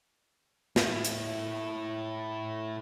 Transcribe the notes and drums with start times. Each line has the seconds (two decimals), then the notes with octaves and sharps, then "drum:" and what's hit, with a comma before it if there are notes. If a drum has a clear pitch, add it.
0.76 A2 E4, drum: snare
1.05 drum: hi-hat